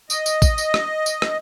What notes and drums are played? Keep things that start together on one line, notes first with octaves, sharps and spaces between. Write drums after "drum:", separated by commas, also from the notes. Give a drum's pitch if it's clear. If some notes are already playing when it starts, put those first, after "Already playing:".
D#5, drum: tambourine
drum: tambourine
drum: kick A1, tambourine
drum: tambourine
drum: rim click
drum: tambourine
drum: rim click